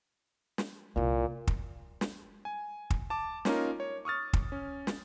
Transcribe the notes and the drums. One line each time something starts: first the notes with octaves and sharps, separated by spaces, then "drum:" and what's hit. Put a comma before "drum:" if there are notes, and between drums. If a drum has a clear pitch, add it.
drum: snare
C2 A#2 E4
drum: kick
drum: snare
G#5
drum: kick
A5 D6
A#3 C#4 D#4 F4 A#4, drum: snare
C#5
C#6 D#6 F6 A6
drum: kick
C#4
drum: snare